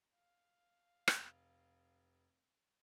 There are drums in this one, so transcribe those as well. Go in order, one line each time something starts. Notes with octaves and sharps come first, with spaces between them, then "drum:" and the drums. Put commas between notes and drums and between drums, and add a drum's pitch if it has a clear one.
F5
F1, drum: rim click